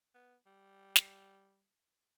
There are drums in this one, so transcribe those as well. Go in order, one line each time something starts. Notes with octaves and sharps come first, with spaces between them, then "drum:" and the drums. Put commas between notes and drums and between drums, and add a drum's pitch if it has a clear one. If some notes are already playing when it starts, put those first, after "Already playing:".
B3
G3
drum: snare